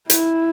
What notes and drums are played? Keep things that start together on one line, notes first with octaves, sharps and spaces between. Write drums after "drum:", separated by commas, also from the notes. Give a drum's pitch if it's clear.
E4, drum: hi-hat